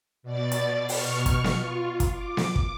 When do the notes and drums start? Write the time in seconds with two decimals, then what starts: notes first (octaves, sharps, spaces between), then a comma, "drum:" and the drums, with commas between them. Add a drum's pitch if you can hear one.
0.23 B2 D5 A6
0.52 drum: hi-hat
0.89 B2 C#6 F6, drum: open hi-hat
1.26 drum: kick, hi-hat
1.44 drum: snare B3
1.54 F4
2.00 drum: kick, hi-hat
2.12 D6
2.37 drum: snare B3
2.56 drum: kick